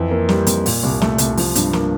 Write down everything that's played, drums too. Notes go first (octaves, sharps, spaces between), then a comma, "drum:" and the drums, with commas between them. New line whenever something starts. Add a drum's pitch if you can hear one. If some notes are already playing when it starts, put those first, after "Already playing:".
Already playing: F2 E3
A#3
G3, drum: snare
F2, drum: hi-hat
A#2, drum: open hi-hat
C2
A3, drum: snare
C2, drum: hi-hat
F3, drum: open hi-hat
G2, drum: hi-hat
A#3, drum: snare